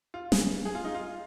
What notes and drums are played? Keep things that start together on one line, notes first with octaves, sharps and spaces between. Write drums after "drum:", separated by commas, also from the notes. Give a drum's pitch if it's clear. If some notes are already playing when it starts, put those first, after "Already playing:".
F4
G#4, drum: snare
G#4
F4
D#4
F4